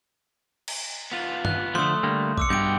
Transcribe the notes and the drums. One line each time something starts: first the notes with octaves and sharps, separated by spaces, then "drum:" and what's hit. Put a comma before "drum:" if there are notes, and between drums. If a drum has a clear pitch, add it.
drum: cymbal
B3 F4
F#6, drum: tom
D3 F3 A3 C6 D#6
D3 G3 A#3
D6 E6 C#7, drum: kick A1
G2 B2 G5 G6 D7